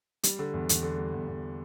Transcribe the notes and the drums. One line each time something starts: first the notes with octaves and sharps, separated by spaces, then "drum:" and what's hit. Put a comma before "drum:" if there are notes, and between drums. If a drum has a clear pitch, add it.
G3, drum: hi-hat
D3
E2
E2, drum: hi-hat
D3
G3
E2
E2